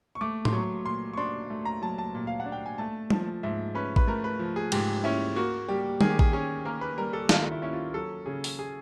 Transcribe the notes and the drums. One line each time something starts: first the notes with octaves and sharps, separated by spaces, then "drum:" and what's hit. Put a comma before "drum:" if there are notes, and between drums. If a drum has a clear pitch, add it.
C#6
A3 D6
C6, drum: tom A2
F#3 C#6
A#2 C6
C#6
D4 C6
A3
A#5
F#3 A5
A5
A#2
F5
F#5
D4
G5
G#5
A3 A5
F3 A5, drum: tom
G#2 E5
C#4 B4
B4, drum: kick A1
A3 A#4
B4
F3
G#4
G#2 G4, drum: cymbal
C#4 E4
A#3 F#4
G3 G4
D#3 G#4, drum: tom
G4
G#4, drum: kick A1
C#4 G#4
A#3 A#4
B4
G3 A#4
A4
D#3 F4, drum: snare
E4
C#4 E4
F4
F#3 A4
C#3 G#4
drum: open hi-hat
G#4